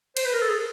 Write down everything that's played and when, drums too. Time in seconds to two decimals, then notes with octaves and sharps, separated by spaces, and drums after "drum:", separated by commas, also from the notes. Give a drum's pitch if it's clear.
0.17 C5, drum: cymbal
0.25 B4
0.34 A#4
0.42 A4
0.49 G#4